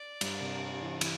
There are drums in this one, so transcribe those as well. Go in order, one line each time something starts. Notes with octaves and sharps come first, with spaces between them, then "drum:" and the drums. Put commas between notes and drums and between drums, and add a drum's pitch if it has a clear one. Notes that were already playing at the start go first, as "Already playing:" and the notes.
Already playing: D5
G2, drum: cymbal
C3
E3
E3, drum: cymbal